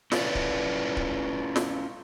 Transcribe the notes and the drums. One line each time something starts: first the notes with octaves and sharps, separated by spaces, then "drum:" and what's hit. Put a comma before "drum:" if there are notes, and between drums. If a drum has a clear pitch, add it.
C#4 E4 F4 B4 C#5 D5, drum: snare
drum: kick D1
drum: kick D1
drum: snare